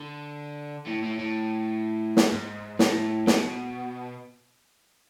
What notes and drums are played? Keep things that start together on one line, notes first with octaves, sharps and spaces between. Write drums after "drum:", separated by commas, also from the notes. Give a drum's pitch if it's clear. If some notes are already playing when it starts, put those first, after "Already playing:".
Already playing: D3
A2
A2
A2
drum: snare
G#2
A2, drum: snare
B2, drum: snare